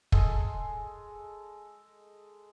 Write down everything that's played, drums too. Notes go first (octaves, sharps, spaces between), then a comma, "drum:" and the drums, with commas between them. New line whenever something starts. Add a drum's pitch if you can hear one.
G#3 A4, drum: kick